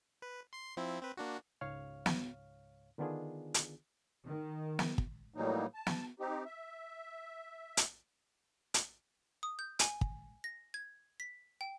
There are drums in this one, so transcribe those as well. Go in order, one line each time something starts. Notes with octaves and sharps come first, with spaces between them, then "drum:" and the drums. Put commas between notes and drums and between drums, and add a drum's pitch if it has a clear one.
B4
C6 C7
F3 C4 E4
C4 B4
A#3 D4 F#4
C#2 G#2 C#5 F5 F6
drum: snare
D3 D#3 B3 D4 F4 G#4
drum: hi-hat
D#3
drum: snare
drum: kick
A2 E3 F#3 G3 A#3 D#4
A5
drum: snare
C4 D#4 G4
E5
drum: hi-hat
drum: hi-hat
D#6
G6
G#5, drum: hi-hat
drum: kick
A#6
G#6
B6
G5